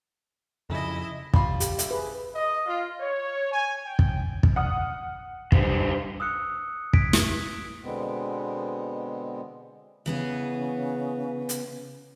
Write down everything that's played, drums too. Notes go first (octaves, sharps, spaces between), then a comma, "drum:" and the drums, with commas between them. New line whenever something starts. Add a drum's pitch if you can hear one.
F2 C#3 E4 D#5
G3 F4, drum: kick
G4, drum: hi-hat
E5, drum: hi-hat
G#4 B4
D#5
F4
C#5
G#5
G5
drum: kick
drum: kick
F#5 D#6 F6
G#2 G3, drum: kick
D#6 E6 F#6 C#7
G#6 B6 D7, drum: kick
drum: snare
B2 D3 G#3 B3 C4
C#3 E3 B3 G#4
drum: hi-hat